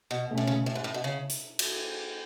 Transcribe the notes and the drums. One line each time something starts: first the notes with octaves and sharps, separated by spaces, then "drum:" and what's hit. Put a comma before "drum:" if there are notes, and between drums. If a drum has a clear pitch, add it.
B2
B2 A3 C#4
A2
C#3
A2
G#2
A2
B2
C#3
drum: hi-hat
drum: cymbal